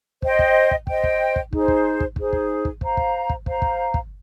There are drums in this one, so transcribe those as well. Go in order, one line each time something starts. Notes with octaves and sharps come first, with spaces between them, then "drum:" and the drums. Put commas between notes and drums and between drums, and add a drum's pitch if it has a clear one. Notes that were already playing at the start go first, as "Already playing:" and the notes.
C5 D#5 G5, drum: kick
drum: kick
drum: kick
C5 D#5 G5, drum: kick
drum: kick
drum: kick
D#4 G#4 C5, drum: kick
drum: kick
drum: kick
D#4 G#4 C5, drum: kick
drum: kick
drum: kick
C5 F5 A#5, drum: kick
drum: kick
drum: kick
C5 F5 A#5, drum: kick
drum: kick
drum: kick